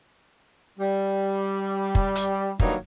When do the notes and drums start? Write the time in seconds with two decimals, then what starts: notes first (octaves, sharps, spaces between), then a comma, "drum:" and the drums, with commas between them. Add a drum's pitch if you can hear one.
0.79 G3
1.95 drum: kick
2.15 drum: hi-hat
2.60 G2 D#3 F#3 G3 A#3 D#4, drum: kick